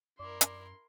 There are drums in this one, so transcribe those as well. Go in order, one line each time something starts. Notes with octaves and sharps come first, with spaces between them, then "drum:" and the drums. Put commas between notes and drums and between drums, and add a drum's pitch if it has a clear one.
F#2 E4 A#4 D5 C6
drum: hi-hat